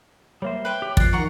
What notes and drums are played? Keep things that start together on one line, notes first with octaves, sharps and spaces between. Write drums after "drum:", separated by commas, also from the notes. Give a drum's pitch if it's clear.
G3 A#3 C5 C#5 E5
B4 G5
G4
F3 D5 F#6 C7, drum: kick
D#3 F#5 A#5 C#6